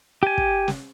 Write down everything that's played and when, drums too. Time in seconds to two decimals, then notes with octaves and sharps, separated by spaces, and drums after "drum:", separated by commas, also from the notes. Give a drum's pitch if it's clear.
0.23 G4 G#5
0.38 drum: kick
0.68 drum: snare